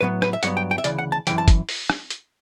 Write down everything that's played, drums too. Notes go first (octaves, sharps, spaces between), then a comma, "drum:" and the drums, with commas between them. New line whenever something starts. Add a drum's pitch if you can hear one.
A2 F#3 B3 B4
B4, drum: rim click
E5
G2 F#3 B3 F#5, drum: hi-hat
G5
G5
E5
D2 C#3 E3 D5, drum: hi-hat
F#5
A5
F#2 C#3 E3 G5, drum: hi-hat
A5
drum: kick, hi-hat
drum: open hi-hat
drum: rim click
drum: hi-hat